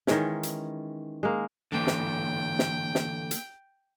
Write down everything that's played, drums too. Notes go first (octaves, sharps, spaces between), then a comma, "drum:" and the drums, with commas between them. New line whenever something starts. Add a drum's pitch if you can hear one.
D#3 E3 G#3 C#4, drum: snare
drum: hi-hat
G#3 A#3
D3 E3 A#3 G5
drum: snare
drum: snare
drum: snare
drum: hi-hat